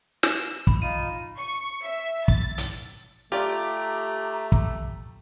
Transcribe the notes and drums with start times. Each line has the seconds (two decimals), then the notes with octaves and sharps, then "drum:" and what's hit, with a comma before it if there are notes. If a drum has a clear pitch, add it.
0.23 E7, drum: snare
0.67 B5, drum: kick
0.82 D#4 F4 D#7
1.37 C#6
1.82 E5
2.28 A6, drum: kick
2.58 drum: hi-hat
3.32 A3 F4 G4 D5 A#5
4.52 drum: kick